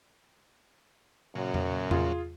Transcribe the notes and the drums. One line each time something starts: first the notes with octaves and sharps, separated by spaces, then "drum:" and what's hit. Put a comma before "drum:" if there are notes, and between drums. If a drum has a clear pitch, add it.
F#2 A#2 C#3 F#3
drum: tom E2
F4 G#4, drum: tom E2